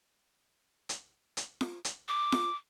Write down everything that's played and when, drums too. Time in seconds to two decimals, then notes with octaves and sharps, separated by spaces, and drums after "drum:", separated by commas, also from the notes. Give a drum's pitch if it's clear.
0.89 drum: hi-hat
1.37 drum: hi-hat
1.61 drum: snare F4
1.85 drum: hi-hat
2.08 D6
2.32 drum: snare F4